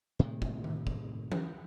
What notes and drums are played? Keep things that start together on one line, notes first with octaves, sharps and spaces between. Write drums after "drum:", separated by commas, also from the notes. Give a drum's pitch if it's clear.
A2 C3 D#3 G#3
drum: kick
drum: tom D#3
drum: kick
drum: tom E3